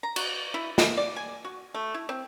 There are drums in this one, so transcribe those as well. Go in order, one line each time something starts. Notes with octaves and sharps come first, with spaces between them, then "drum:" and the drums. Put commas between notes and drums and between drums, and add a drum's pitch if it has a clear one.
A#5
F#4, drum: cymbal
E4
G#3, drum: snare
D5
G#5
F#4
A3
E4
C4